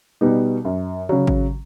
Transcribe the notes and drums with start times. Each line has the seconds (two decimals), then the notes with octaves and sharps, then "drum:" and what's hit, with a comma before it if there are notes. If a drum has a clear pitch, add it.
0.21 B2 G3 B3 D#4
0.65 F#2
1.09 C#3 F#3, drum: tom D3
1.27 drum: kick G#1